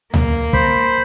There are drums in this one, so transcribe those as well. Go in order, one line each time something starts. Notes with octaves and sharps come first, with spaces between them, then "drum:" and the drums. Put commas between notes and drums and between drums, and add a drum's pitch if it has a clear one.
A#3, drum: tom D2
C5 B5, drum: kick